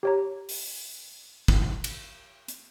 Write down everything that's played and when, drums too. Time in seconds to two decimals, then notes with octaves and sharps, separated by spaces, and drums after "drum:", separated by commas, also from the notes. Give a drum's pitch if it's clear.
0.03 G4 C#5 A#5
0.49 drum: open hi-hat
1.48 drum: kick
1.84 drum: cymbal
2.48 drum: hi-hat